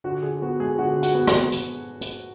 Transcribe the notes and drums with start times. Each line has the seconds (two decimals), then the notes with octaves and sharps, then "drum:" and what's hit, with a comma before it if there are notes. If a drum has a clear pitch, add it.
0.04 D3 F#4
0.22 D3 G#4
0.42 B3 F#4
0.60 G#3 G#4
0.78 D3 F#4 F#5
0.96 D3
1.03 F#4 F#5, drum: hi-hat
1.15 B3
1.27 drum: rim click
1.52 drum: hi-hat
2.01 drum: hi-hat